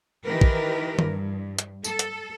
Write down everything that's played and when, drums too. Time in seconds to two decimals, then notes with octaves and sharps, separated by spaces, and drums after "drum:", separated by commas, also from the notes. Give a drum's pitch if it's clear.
0.24 D#3 E3 G4 A#4 B4
0.41 drum: kick
0.99 G2, drum: tom D#3
1.59 drum: hi-hat
1.84 A4, drum: tambourine
1.99 drum: hi-hat